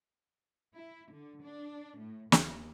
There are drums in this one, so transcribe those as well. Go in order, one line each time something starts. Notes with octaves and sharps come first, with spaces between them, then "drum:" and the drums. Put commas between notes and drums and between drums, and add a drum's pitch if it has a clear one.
E4
D3
D4
A2
D#2, drum: snare